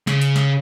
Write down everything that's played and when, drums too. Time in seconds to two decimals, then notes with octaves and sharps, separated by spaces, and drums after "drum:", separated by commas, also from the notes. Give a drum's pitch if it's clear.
0.07 C#3, drum: snare
0.22 drum: hi-hat
0.36 drum: snare